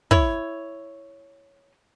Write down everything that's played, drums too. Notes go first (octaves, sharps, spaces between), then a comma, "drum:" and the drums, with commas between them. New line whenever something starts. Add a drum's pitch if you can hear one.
E4 C#5, drum: kick